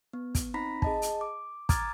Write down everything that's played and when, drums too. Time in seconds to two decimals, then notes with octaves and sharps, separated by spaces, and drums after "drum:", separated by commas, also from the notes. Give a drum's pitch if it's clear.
0.13 B3
0.35 drum: kick, hi-hat
0.54 C4 D#4 A#5 B5 A#6 B6
0.82 G#4 D#5 A5, drum: kick
1.02 drum: hi-hat
1.21 D6
1.69 A#5 D6 D#6 F6 G#6 A6, drum: kick, hi-hat